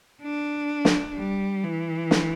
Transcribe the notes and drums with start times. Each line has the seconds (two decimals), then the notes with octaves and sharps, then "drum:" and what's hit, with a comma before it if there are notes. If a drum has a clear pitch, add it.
0.22 D4
0.85 drum: snare
1.16 G3
1.64 E3
2.11 drum: snare